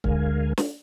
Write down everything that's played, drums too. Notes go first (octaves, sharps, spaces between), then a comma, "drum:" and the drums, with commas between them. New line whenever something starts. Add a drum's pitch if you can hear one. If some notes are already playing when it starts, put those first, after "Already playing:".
D2 D3 G#3 A#4 F5 G#5, drum: kick C#1
drum: snare